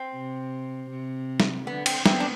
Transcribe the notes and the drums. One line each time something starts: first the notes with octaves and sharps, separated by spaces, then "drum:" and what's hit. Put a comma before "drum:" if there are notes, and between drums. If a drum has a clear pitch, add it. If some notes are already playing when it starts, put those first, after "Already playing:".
Already playing: C4
C3
C3
drum: snare
D3 B3
C4, drum: cymbal
B3 C4, drum: snare
D4